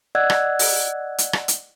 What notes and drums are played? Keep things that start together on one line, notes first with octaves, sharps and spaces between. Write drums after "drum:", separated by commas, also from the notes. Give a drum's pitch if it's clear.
D5 D#5 F#5 E6 F#6 G#6
drum: rim click
drum: open hi-hat
drum: hi-hat
drum: rim click
drum: hi-hat